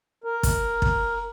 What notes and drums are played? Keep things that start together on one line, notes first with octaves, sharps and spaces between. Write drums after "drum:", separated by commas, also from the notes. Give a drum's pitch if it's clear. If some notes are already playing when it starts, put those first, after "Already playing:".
A#4
drum: kick, hi-hat
drum: kick